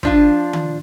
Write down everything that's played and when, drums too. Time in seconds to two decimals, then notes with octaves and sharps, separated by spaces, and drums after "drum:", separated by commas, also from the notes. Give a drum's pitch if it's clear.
0.03 F3 D4 F4, drum: kick
0.53 drum: tom D#3